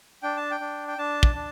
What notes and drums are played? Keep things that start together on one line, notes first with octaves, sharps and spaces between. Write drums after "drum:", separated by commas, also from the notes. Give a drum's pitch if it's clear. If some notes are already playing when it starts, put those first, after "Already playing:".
D4 G5
A5
G5
D4
G5
D4 A5
drum: kick
D4